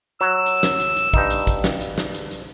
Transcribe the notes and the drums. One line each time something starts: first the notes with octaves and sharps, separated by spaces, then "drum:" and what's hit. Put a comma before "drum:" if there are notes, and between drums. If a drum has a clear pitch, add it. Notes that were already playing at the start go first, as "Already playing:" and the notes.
F#3 E6
drum: hi-hat
drum: snare
drum: hi-hat
drum: hi-hat
G2 D#4, drum: kick
drum: hi-hat
drum: kick, hi-hat
drum: snare
drum: hi-hat
drum: snare
drum: hi-hat
drum: hi-hat